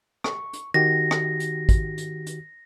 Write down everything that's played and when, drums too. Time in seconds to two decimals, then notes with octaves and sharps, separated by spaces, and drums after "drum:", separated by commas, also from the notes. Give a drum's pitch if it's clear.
0.24 C#6, drum: rim click
0.53 drum: hi-hat
0.74 D#3 F#4 G4 A#6
1.11 drum: rim click
1.40 drum: hi-hat
1.69 drum: kick, hi-hat
1.98 drum: hi-hat
2.26 drum: hi-hat